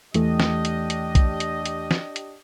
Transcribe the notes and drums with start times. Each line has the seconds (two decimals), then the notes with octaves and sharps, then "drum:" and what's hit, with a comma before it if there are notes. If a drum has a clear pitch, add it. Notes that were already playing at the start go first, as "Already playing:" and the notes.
0.14 E2 E3 A3 D4 G4 D#5, drum: hi-hat
0.40 drum: snare
0.65 drum: hi-hat
0.90 drum: hi-hat
1.15 drum: kick, hi-hat
1.40 drum: hi-hat
1.66 drum: hi-hat
1.91 drum: snare
2.16 drum: hi-hat